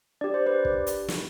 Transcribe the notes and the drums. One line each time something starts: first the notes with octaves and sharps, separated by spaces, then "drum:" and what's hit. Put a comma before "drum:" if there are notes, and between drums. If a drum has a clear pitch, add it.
D4 G4 D5
C5
B4 D5
drum: kick
drum: hi-hat
drum: snare